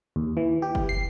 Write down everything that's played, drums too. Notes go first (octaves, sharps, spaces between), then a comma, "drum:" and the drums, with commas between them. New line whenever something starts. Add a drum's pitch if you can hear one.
D#2
E3
G4
drum: kick F#1
C7